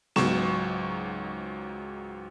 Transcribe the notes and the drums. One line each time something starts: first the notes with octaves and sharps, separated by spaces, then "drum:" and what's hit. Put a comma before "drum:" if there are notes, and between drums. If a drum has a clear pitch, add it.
C#2 G#2 F#3 C#6 E7, drum: snare B3